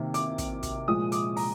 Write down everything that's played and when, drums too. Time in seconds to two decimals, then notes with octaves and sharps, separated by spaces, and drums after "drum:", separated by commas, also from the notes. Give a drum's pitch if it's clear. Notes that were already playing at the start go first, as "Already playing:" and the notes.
Already playing: C3 D#3 A#3
0.14 D6, drum: hi-hat
0.38 drum: kick, hi-hat
0.63 drum: kick, hi-hat
0.88 A#2 F3 G#3 D#6
1.12 D6, drum: hi-hat
1.37 A#5, drum: open hi-hat